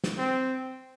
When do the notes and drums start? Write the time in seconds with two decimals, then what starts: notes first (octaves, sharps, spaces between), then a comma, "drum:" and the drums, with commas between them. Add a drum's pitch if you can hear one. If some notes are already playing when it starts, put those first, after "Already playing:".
0.04 drum: snare
0.18 C4